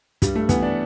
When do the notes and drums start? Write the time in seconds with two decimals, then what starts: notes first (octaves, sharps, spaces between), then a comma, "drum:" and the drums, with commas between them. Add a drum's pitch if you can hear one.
0.22 G2 G3, drum: kick, hi-hat
0.35 A3
0.49 E3 B3, drum: kick, hi-hat
0.62 D4